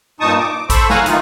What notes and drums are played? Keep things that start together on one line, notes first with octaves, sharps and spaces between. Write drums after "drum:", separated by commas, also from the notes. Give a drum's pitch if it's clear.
G2 A#2 D#4 A5 C#6 D#6
D6
A4 C5 B5 C#6 E6, drum: kick, hi-hat
F5 F#5 G#5 A#5 C#6 F#6, drum: snare
D#3 E3 D#4 F4, drum: hi-hat